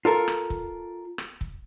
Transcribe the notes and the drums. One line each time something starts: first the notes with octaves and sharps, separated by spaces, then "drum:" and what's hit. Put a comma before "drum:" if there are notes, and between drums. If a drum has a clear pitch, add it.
F4 A4 A#4
drum: rim click
drum: kick
drum: rim click
drum: kick